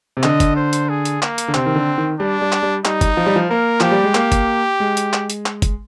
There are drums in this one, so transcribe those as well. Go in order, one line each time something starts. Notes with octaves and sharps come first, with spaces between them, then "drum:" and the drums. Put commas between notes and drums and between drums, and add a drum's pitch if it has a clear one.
C3
D3 D#5, drum: clap
drum: kick, hi-hat
C5
drum: hi-hat
G#4
drum: hi-hat
A#3, drum: clap
drum: hi-hat
D3
C3 C4, drum: clap
D#3
D3
D#3
G3 D4
G3
drum: clap
G3
G3 D#4, drum: clap
drum: kick, hi-hat
F3
G3
F3
A#3 A#4
F3 G4, drum: clap
G3
G#3
A#3, drum: clap
drum: kick, hi-hat
G#3
drum: hi-hat
drum: clap
drum: hi-hat
drum: clap
drum: kick, hi-hat